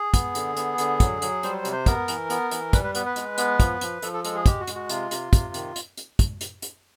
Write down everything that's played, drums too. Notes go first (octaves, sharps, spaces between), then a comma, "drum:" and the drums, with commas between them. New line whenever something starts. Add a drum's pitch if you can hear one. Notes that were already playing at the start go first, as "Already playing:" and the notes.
Already playing: G#4
B3, drum: kick, hi-hat
D3, drum: hi-hat
B3, drum: hi-hat
D3, drum: hi-hat
F#3, drum: kick, hi-hat
F#3, drum: hi-hat
G3 C5, drum: hi-hat
C5
C3, drum: hi-hat
C5
B3 A#4, drum: kick, hi-hat
E3, drum: hi-hat
B3, drum: hi-hat
E3, drum: hi-hat
G3 B4, drum: kick, hi-hat
B4
B3 B4, drum: hi-hat
B4
G#3, drum: hi-hat
B3, drum: hi-hat
F3, drum: kick, hi-hat
F3, drum: hi-hat
F3 A4, drum: hi-hat
A4
G#3 A4, drum: hi-hat
G#4
G#3 G4, drum: kick, hi-hat
F#4
G#3, drum: hi-hat
F#4
C3 F4, drum: hi-hat
C3, drum: hi-hat
C3, drum: kick, hi-hat
D#3, drum: hi-hat
drum: hi-hat
drum: hi-hat
drum: kick, hi-hat
drum: hi-hat
drum: hi-hat